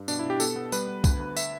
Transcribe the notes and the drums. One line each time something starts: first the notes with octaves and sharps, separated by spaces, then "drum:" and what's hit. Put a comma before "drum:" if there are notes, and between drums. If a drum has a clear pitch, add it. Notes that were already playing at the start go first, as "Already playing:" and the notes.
Already playing: G2
B2 D4, drum: tambourine
E4
B2 G4
B3 A4, drum: tambourine
B3
G3 B4, drum: tambourine
B3
D2, drum: kick, tambourine
D2
E5, drum: tambourine